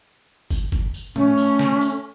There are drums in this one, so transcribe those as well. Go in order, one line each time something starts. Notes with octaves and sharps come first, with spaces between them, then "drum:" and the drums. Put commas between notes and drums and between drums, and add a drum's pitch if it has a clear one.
drum: kick, tambourine
drum: kick
drum: tambourine
A3 C#4, drum: tom A2
drum: tambourine
drum: snare
drum: tambourine